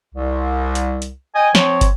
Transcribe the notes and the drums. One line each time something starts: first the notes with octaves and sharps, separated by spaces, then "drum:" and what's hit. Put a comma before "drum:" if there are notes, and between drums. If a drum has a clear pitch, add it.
C2
drum: hi-hat
drum: hi-hat
D#5 G5 G#5
F3 C4 C#5, drum: snare
drum: kick, hi-hat